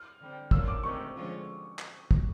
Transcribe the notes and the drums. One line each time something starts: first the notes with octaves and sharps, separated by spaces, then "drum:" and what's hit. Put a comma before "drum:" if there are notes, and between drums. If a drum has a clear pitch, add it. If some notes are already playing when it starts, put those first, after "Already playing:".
Already playing: F6
D3 G3 C4
A#2 F3 A#3 C#4 E6, drum: kick
D6
D2 C3 D#3 G#3 C#6
D3 F3 G#3 C#4 F4
drum: clap
drum: kick